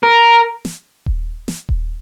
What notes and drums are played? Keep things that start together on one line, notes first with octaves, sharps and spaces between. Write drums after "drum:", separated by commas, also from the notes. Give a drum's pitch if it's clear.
A#4
drum: snare
drum: kick D#1
drum: snare
drum: kick D#1